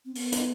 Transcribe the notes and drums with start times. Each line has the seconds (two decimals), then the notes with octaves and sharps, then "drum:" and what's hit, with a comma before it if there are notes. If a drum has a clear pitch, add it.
0.05 C4
0.15 B3, drum: open hi-hat
0.32 drum: hi-hat